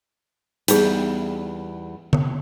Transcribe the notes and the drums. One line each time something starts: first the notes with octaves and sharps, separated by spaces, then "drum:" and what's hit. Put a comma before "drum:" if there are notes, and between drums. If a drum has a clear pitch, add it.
E2 G3 D#4 G#4, drum: hi-hat
drum: tom D3